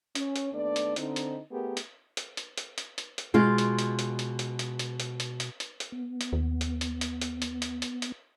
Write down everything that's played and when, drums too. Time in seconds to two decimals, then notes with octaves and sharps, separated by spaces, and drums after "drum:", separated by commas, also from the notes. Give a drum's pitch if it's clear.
0.15 C#4, drum: hi-hat
0.36 drum: hi-hat
0.52 D#2 A3 B3 D4 D5
0.76 drum: hi-hat
0.96 D3 C4 D#4, drum: hi-hat
1.16 drum: hi-hat
1.51 A3 B3 G4 G#4 A#4
1.77 drum: hi-hat
2.17 drum: hi-hat
2.37 drum: hi-hat
2.58 drum: hi-hat
2.78 drum: hi-hat
2.98 drum: hi-hat
3.18 drum: hi-hat
3.34 B2 G#3 F4
3.58 drum: hi-hat
3.79 drum: hi-hat
3.99 drum: hi-hat
4.19 drum: hi-hat
4.39 drum: hi-hat
4.59 drum: hi-hat
4.79 drum: hi-hat
5.00 drum: hi-hat
5.20 drum: hi-hat
5.40 drum: hi-hat
5.60 drum: hi-hat
5.80 drum: hi-hat
5.92 B3
6.21 drum: hi-hat
6.33 D#2
6.61 drum: hi-hat
6.81 drum: hi-hat
7.01 drum: hi-hat
7.22 drum: hi-hat
7.42 drum: hi-hat
7.62 drum: hi-hat
7.82 drum: hi-hat
8.02 drum: hi-hat